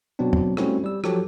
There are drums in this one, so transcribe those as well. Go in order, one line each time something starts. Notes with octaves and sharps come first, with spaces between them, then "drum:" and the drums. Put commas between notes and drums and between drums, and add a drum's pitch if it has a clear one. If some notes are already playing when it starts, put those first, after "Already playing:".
B2 F#3 B3 C4 D4
drum: tom
G3 A3 C4 C#4 E4 F#4, drum: rim click
G3 E6
F3 F#3 G4 A4, drum: rim click